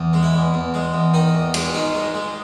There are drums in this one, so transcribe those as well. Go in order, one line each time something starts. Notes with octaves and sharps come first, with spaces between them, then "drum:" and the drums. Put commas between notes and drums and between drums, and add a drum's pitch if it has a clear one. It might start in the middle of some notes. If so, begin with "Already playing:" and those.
Already playing: E2
G#3
E4
E2
E2
G#3
E2
D#3 D#4
E2
G#3, drum: cymbal
D#3 D#4
G#3
G#3